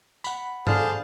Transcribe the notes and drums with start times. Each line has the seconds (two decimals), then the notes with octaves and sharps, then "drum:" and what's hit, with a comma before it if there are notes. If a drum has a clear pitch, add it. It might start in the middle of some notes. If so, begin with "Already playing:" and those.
0.24 F#5 B5, drum: tambourine
0.67 D3 G#4 C5 F5 A5, drum: tom